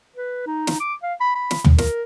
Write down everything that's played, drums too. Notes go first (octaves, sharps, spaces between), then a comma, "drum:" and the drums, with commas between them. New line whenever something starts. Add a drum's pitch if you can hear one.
B4
D#4
drum: snare
D6
F5
B5
B5
drum: snare
drum: tom
A#4, drum: snare